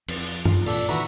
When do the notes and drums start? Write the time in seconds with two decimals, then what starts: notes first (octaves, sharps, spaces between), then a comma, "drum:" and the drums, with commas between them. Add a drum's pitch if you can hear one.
0.08 F2, drum: cymbal
0.45 F4, drum: tom F#2
0.66 A#2 A4 D5, drum: open hi-hat
0.89 D#3 E3 F#4 B4 E5 A#5